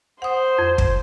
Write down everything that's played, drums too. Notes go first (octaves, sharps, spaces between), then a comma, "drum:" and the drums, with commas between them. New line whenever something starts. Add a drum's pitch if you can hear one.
C5 F#5 D#6
F2
drum: kick